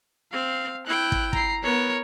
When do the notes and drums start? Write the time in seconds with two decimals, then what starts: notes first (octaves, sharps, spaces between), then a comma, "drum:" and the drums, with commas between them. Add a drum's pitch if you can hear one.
0.32 C4 F5
0.86 E4 G5 F#6
1.12 drum: kick
1.33 A#5 C7, drum: kick
1.64 B3 A#4 C#5